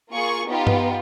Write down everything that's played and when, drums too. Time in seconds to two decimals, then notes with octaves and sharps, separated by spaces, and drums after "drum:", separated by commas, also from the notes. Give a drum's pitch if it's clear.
0.11 A#3 F4 G#4 C#6
0.46 B3 D#4 F4 G4
0.67 drum: tom G2